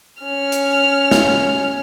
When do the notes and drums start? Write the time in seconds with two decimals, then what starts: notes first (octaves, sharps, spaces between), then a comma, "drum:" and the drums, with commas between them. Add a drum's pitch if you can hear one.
0.22 C#4 F6
0.52 drum: hi-hat
1.11 drum: snare